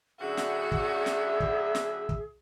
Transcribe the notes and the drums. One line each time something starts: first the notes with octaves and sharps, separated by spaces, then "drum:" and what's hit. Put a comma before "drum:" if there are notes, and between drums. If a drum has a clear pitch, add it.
F#2 A2 D3 F#4 G#4 E5
drum: snare
drum: kick
drum: snare
drum: kick
drum: snare
drum: kick